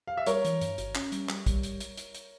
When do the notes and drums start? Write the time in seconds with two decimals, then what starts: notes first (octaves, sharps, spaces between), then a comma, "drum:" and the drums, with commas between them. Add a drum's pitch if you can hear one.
0.07 F5
0.17 E5
0.26 G3 A#4 C#5, drum: hi-hat
0.45 E3, drum: hi-hat
0.61 G2, drum: hi-hat
0.78 G#1, drum: hi-hat
0.95 C#4, drum: clap
1.12 G3, drum: hi-hat
1.29 G3, drum: clap
1.46 G3, drum: kick, hi-hat
1.63 drum: hi-hat
1.80 drum: hi-hat
1.97 drum: hi-hat
2.15 drum: hi-hat